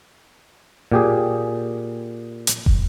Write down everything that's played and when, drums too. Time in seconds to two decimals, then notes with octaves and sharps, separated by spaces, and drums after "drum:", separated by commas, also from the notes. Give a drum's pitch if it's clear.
0.92 A#2 G4 G#4
2.47 drum: hi-hat
2.66 drum: kick